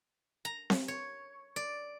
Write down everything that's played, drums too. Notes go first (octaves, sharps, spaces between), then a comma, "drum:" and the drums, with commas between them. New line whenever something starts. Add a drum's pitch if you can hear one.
A#5
drum: snare C4
C#5
D5